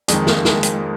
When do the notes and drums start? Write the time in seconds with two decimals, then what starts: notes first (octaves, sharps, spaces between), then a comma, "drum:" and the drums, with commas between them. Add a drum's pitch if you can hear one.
0.08 F2 D#3 G#3, drum: hi-hat
0.27 A#3, drum: snare
0.45 G#3, drum: snare
0.63 drum: hi-hat